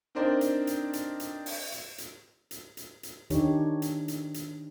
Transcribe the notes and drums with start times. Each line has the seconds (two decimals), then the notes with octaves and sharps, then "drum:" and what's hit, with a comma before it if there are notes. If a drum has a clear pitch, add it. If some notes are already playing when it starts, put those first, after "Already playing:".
0.15 C4 D4 D#4 A#4 C5 D5
0.41 drum: hi-hat
0.67 drum: hi-hat
0.93 drum: hi-hat
1.20 drum: hi-hat
1.46 drum: open hi-hat
1.72 drum: hi-hat
1.98 drum: hi-hat
2.51 drum: hi-hat
2.77 drum: hi-hat
3.03 drum: hi-hat
3.30 D#3 D4 D#4 G4 C#5, drum: hi-hat
3.82 drum: hi-hat
4.08 drum: hi-hat
4.34 drum: hi-hat